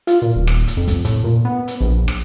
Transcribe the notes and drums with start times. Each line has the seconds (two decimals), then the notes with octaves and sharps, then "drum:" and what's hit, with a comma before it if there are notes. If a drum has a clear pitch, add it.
0.07 F4, drum: hi-hat
0.22 A#2
0.35 D#1
0.47 drum: rim click
0.67 drum: hi-hat
0.77 F2
0.87 drum: kick, hi-hat
1.05 A2, drum: hi-hat
1.24 A#2
1.45 B3
1.68 drum: hi-hat
1.81 A#1
2.08 drum: rim click